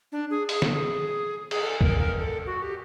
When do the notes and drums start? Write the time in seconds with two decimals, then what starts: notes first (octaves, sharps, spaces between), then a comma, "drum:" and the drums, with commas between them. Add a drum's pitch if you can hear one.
0.12 D4
0.30 G#4
0.49 G#4, drum: open hi-hat
0.62 A4, drum: snare
0.75 G#4
1.51 G#4, drum: cymbal
1.62 A4
1.81 A#4, drum: kick
2.00 A#4
2.18 A4
2.46 F#4
2.62 G4